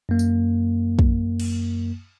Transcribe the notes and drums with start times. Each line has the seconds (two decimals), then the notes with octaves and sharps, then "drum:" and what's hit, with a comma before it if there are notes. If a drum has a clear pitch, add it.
0.09 F#2 A#3
0.19 drum: tambourine
0.99 drum: kick
1.40 drum: cymbal